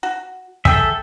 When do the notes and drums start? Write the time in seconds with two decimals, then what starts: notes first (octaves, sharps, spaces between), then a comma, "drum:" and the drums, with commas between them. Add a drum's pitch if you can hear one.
0.03 F#4
0.65 G#4 A4 E5 G5, drum: kick